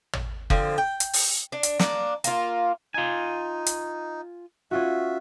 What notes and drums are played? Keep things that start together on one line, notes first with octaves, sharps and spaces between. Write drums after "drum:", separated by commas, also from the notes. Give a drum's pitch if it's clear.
drum: tom
D3 F3 C4, drum: kick F#1
G5
drum: hi-hat
drum: open hi-hat
D4
drum: hi-hat
A#3 D4, drum: snare
A#3 F4, drum: hi-hat
D#4 F4 G#5
drum: hi-hat
C#4 F4 F#4 E5